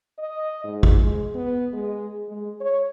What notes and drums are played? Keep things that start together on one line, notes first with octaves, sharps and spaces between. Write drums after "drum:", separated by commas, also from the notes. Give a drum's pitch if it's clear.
D#5
G#2
drum: kick G#1
G#3
B3
G#3
G#3
C#5